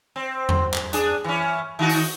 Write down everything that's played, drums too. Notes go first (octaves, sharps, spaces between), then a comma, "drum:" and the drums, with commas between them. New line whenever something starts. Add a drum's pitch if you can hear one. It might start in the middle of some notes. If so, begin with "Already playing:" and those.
C4
drum: tom E2
drum: clap
D4 G#4, drum: hi-hat
E3 C#4
D#3 D#4 F#4
drum: open hi-hat